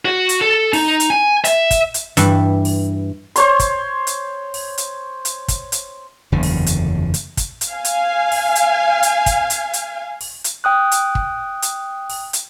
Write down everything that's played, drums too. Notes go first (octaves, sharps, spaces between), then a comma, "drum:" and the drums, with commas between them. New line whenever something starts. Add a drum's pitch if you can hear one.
F#4
drum: hi-hat
A4
D#4, drum: open hi-hat
drum: hi-hat
G#5
E5, drum: hi-hat
drum: kick, hi-hat
drum: hi-hat
G2 E3 E5, drum: hi-hat
drum: open hi-hat
C5 C#5 C6, drum: hi-hat
drum: kick, hi-hat
drum: hi-hat
drum: open hi-hat
drum: hi-hat
drum: hi-hat
drum: kick, hi-hat
drum: hi-hat
F#1 E2 D3
drum: open hi-hat
drum: hi-hat
drum: hi-hat
drum: kick, hi-hat
drum: hi-hat
F5 G#5
drum: hi-hat
drum: open hi-hat
drum: hi-hat
drum: hi-hat
drum: kick, hi-hat
drum: hi-hat
drum: hi-hat
drum: open hi-hat
drum: hi-hat
G5 D#6 F#6
drum: hi-hat
drum: kick
drum: hi-hat
drum: open hi-hat
drum: hi-hat